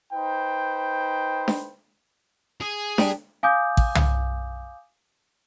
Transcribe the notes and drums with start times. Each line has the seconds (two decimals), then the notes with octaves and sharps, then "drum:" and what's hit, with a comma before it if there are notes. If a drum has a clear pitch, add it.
0.13 D#4 B4 C5 G5
1.48 drum: snare D4
2.61 G#4
2.98 G3 D4, drum: snare D4
3.43 F5 G#5 D6 D#6 G6
3.77 drum: kick A1
3.95 drum: tom